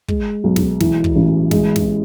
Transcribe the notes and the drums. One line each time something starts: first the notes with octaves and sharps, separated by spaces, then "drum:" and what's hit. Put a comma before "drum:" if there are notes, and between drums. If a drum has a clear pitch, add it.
G#3, drum: kick
B1
drum: snare
E3, drum: snare
drum: kick
A1
G#3, drum: snare
drum: snare